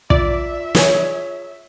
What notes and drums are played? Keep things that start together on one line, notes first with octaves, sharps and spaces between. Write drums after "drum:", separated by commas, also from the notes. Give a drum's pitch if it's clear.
F4 D5 E5, drum: kick
G#4 C#5 G#5, drum: snare